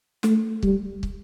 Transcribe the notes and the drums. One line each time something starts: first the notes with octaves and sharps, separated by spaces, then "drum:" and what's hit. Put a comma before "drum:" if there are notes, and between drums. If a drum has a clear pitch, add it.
A3, drum: snare
G3, drum: kick
drum: kick